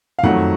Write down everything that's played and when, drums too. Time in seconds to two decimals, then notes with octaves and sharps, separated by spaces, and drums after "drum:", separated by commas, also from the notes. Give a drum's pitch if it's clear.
0.19 F5
0.23 F2 D#3 F#3 A3 F#5, drum: tom